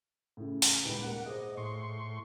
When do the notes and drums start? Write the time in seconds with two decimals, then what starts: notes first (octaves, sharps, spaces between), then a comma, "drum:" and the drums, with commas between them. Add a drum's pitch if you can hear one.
0.37 A2 C#3
0.62 drum: open hi-hat
0.85 D#1 G#2 G4 B4 D7
1.02 A#3 F#5
1.26 G#4 C5 D#5 D6
1.57 A2 C6 C#6